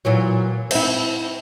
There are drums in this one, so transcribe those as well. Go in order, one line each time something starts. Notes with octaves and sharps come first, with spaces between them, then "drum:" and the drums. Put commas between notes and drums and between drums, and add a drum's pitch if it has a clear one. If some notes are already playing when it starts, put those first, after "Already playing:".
A#2 E3 F#3
C4 E4, drum: cymbal